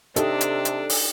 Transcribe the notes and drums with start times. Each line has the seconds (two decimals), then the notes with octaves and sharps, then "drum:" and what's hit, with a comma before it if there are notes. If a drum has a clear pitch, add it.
0.16 C3 D4 D#4 G4 A4 D#5, drum: hi-hat
0.41 drum: hi-hat
0.65 drum: hi-hat
0.89 drum: open hi-hat